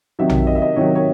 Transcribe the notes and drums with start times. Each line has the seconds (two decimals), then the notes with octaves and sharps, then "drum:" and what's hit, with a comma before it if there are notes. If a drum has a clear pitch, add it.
0.19 C3 D#3 F#3 E5
0.30 drum: tom A#1
0.47 D#5
0.55 E5
0.62 D#5
0.76 C3 D#3 F#3 C#5
0.95 C#5